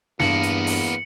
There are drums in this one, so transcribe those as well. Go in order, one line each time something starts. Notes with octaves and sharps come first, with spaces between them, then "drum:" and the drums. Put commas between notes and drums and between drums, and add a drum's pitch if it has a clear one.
E2 G2 A#3 B3 C#7 F#7, drum: snare
drum: hi-hat
drum: open hi-hat